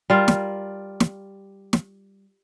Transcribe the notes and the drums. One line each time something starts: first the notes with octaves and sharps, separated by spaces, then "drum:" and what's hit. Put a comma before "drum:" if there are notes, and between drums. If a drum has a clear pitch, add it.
G3 F4 A#4
drum: snare
drum: snare
drum: snare